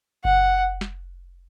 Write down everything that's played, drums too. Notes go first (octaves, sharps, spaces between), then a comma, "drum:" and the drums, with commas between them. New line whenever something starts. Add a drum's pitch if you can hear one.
F#5, drum: kick F#1
drum: snare